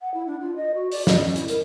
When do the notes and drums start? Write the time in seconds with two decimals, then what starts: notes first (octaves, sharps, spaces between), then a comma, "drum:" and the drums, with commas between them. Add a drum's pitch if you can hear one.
0.01 F#5
0.14 E4
0.27 D4
0.41 F4
0.56 D#5
0.75 F#4
0.92 D5, drum: open hi-hat
1.07 D#5, drum: snare
1.22 C#4
1.36 E4, drum: hi-hat
1.48 A#4, drum: hi-hat